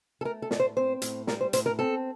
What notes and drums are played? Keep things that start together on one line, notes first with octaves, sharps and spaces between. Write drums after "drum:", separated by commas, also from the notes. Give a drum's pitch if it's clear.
A4
A3 A#4
A4
A2 D5, drum: snare
C5
C4 C5
A2, drum: hi-hat
G3 A#4, drum: snare
C5
A2 C5, drum: hi-hat
A#4
C4 A4